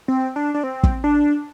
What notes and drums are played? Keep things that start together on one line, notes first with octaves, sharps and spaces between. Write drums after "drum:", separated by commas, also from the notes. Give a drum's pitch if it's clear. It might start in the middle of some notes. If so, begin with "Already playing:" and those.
C4
D4
D4
C4
drum: kick
D4